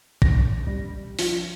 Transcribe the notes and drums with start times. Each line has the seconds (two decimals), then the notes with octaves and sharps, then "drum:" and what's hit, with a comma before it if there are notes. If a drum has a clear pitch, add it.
0.22 A#6, drum: kick
0.67 G3
1.19 F3, drum: open hi-hat